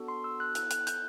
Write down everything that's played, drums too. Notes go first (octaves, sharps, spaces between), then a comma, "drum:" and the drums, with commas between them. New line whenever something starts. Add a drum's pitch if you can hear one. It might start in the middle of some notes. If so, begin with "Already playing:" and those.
Already playing: B3 D4 F#4 A4
C6
E6
F#6
B3 E4 A4 F#6, drum: hi-hat
F#6, drum: hi-hat
G6, drum: hi-hat